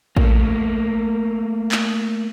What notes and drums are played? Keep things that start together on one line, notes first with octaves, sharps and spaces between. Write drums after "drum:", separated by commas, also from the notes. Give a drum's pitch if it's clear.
A3 A#3, drum: kick A1
drum: clap